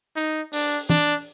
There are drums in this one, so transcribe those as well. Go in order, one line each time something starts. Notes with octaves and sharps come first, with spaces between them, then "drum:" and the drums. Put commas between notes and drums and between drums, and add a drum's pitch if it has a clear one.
D#4
D4, drum: open hi-hat
D4, drum: tom E3